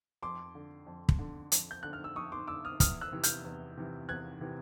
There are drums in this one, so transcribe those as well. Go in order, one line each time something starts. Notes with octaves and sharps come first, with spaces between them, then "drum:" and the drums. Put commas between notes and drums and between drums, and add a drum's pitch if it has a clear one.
F2 C6 D6
D3
F2
drum: kick
D3
F2, drum: hi-hat
G6
D3 F#6
F6
E6
F2 C#6 D#6
C6 D6
D3 D6 E6
D#6 F6
E2 D#6 F6, drum: kick, hi-hat
E6 F#6
C3 E3
F6 G6, drum: hi-hat
E2
C3 E3
E2 F#6 G#6
C3 E3